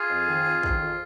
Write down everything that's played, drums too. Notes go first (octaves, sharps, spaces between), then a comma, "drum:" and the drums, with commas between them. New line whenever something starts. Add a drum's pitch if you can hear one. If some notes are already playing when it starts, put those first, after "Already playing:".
Already playing: F4 G#4
F2
D#3
F2
D#3, drum: kick
F2